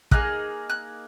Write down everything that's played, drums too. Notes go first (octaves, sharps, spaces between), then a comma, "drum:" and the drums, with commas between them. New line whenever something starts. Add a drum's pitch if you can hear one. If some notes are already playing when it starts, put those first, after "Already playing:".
A#3 D#4 G#4 F#6, drum: kick
F#6